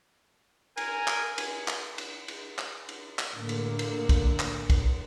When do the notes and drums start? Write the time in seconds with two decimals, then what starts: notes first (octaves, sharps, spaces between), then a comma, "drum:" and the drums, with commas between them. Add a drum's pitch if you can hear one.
0.77 A#4 G#5, drum: cymbal
1.08 drum: clap
1.38 drum: cymbal
1.68 drum: clap
1.98 drum: cymbal
2.28 drum: cymbal
2.58 drum: clap
2.89 drum: cymbal
3.19 drum: clap
3.34 A2 D3 A#3
3.49 drum: cymbal
3.79 drum: cymbal
4.09 drum: kick, cymbal
4.39 drum: clap
4.70 drum: kick, cymbal